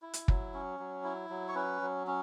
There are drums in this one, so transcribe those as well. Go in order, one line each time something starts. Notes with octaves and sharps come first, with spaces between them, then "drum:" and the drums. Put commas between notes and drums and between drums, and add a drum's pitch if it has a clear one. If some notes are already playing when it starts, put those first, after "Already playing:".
E4
drum: hi-hat
F#3, drum: kick
C#4
F#3
E4
F#3
C#5
C#4 B4
F#3
C#4